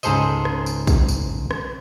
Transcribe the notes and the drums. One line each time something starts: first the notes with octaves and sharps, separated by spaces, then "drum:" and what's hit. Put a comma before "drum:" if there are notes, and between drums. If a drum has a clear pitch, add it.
C#2 G#2 G#4 A4 C5 D#5, drum: tambourine
drum: rim click
drum: tambourine
drum: kick, tambourine
drum: tambourine
drum: rim click